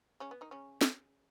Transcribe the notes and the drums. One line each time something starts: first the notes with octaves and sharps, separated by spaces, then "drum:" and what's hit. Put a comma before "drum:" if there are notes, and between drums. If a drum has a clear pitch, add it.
C#3 C#4
B3
D#3 D#4
C#3 C#4
drum: snare